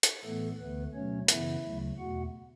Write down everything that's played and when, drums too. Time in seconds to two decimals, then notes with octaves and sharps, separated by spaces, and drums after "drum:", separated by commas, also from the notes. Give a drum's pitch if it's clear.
0.03 drum: hi-hat
0.24 A2 E3 A3 B3 A4
0.59 D2 D3 A3 B3 B4
0.94 B2 F#3 A3 C#4 C#5
1.28 F#2 C#3 E3 B3 E4 E5, drum: hi-hat
1.64 D2 C#3 F#3 A3
1.98 E2 B2 A3 F#4 F#5